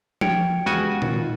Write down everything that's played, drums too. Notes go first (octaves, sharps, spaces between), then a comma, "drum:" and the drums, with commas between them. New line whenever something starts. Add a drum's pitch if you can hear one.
C#5 G5 D7, drum: tom F3
E2 C#3 G#3 F#4 G4 F#5 G#5
D#3 F4, drum: tom A#2